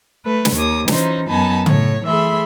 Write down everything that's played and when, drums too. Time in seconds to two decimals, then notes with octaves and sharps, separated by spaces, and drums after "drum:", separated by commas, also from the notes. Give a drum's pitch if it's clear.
0.24 A3 B4
0.45 drum: snare
0.54 D#2 C#5 D6 D#6
0.88 E3 C#4 D#4 F4 C5, drum: snare
1.28 F#2 B3 D#4 G#5 A5 B5
1.66 A2 C#5, drum: tom C#3
2.05 E3 A3 G#4 E5 B5 C6